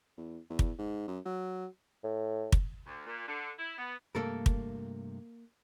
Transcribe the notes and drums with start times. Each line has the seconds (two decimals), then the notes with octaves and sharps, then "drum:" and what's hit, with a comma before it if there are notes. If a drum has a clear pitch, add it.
0.17 E2
0.50 E2
0.59 drum: kick
0.79 G#2
1.08 F#2
1.25 F#3
2.04 A2
2.52 drum: kick
2.86 D2
3.05 A#2
3.28 D3
3.59 E4
3.78 B3
4.15 G2 C3 A3 A#3 A4 A#4
4.46 drum: kick